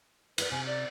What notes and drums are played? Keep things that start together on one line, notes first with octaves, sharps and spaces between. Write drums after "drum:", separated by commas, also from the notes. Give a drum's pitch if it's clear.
E4 A#4 B4 D5, drum: cymbal
C3 G#5
D5